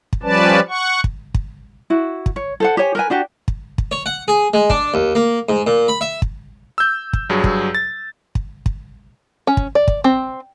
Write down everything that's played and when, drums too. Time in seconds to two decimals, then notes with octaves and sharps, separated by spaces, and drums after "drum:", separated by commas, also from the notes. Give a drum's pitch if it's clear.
0.13 drum: kick
0.23 F3 G3 C#4 B4 D5 A5
0.68 F#5 C#6
1.04 drum: kick
1.34 drum: kick
1.90 E4 F#4
2.26 drum: kick
2.36 C#5
2.60 A4 C5 F#5
2.77 G4 C5 C#5 G#5
2.95 A#4 B4 G#5
3.10 D4 F#4 G4 D5
3.48 drum: kick
3.78 drum: kick
3.92 C#5
4.06 F#5
4.28 G#4
4.54 G#3
4.70 D4, drum: kick
4.94 D#2
5.15 A#3
5.49 G#2
5.67 A#2
5.88 B5
6.01 E5
6.22 drum: kick
6.78 E6 G6
7.13 drum: kick
7.30 G2 F#3 G#4
7.44 drum: kick
7.75 A6
8.35 drum: kick
8.66 drum: kick
9.47 C#4
9.57 drum: kick
9.75 D5
9.88 drum: kick
10.04 C4